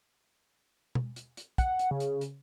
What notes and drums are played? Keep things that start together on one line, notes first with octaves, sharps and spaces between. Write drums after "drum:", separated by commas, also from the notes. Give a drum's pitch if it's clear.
drum: tom B2
drum: hi-hat
drum: hi-hat
F#5, drum: kick, hi-hat
drum: hi-hat
C#3
drum: hi-hat
drum: hi-hat